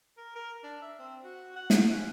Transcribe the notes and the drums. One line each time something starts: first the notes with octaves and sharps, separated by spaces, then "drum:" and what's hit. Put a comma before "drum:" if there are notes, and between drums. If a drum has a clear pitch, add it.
A#4
A#4
D4
E5
C4
F#4
F#5
drum: snare
C#4